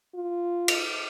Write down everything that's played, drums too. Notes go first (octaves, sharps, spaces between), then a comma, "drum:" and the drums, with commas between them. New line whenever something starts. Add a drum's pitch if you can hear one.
F4
drum: cymbal